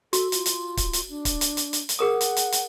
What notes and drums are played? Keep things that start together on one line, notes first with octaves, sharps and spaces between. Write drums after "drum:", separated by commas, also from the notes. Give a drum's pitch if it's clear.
F#4 A4, drum: hi-hat
F4, drum: hi-hat
drum: hi-hat
drum: kick, hi-hat
drum: hi-hat
D4
drum: kick, hi-hat
drum: hi-hat
drum: hi-hat
drum: hi-hat
drum: hi-hat
G#4 A#4 F#5 D#6
drum: hi-hat
drum: hi-hat
drum: hi-hat